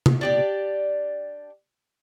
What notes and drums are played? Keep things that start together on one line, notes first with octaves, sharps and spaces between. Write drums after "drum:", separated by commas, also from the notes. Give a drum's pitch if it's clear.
drum: tom C3
D4 G4 D5